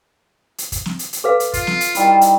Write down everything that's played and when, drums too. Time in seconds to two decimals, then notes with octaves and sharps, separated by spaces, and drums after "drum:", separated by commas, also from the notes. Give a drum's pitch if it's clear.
0.58 drum: hi-hat
0.72 drum: kick, hi-hat
0.86 drum: snare
0.99 drum: hi-hat
1.13 drum: hi-hat
1.24 A4 B4 F5
1.40 drum: hi-hat
1.53 F4, drum: kick, hi-hat
1.67 drum: snare
1.81 drum: hi-hat
1.95 D#3 G3 E4, drum: hi-hat
2.21 drum: hi-hat